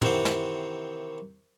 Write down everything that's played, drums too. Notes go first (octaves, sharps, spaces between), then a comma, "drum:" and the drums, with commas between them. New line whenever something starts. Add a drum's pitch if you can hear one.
C3 D#3 E3 C4 C5 F#5, drum: tom
drum: snare